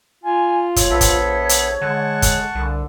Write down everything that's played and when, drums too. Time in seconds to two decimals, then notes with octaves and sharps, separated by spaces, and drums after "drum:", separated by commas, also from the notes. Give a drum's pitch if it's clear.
0.24 F4 G#5
0.76 E1 C#5, drum: kick, hi-hat
0.90 A#1 B3 A4 E5
1.01 drum: kick, hi-hat
1.49 drum: hi-hat
1.81 D3 G#3 F#5 A5 C#6
2.22 drum: kick, hi-hat
2.55 C2 D3